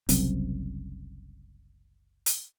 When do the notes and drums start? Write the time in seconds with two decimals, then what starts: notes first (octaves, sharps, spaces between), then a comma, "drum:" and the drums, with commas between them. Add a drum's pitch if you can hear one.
0.09 F#1 C2 F#2 C4, drum: hi-hat
2.26 drum: hi-hat